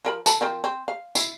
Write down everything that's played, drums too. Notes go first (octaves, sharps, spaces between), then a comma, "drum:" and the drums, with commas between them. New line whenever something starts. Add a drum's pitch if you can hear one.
F3 A#4 B5
A4 A5 B5, drum: tambourine
F3 C4 A#4
C4
F5
E4, drum: tambourine